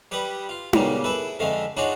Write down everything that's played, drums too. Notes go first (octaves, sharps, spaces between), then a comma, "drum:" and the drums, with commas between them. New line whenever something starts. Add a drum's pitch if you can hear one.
G3 G4 B4 D6 D#6
F4
A#2 C#3 G3 A#3 B3, drum: tom D#4
E4 G#4 A4 B4
F2 D3 G#3 A3 F5
D4 D#4 F4 F#4 G#4 C#5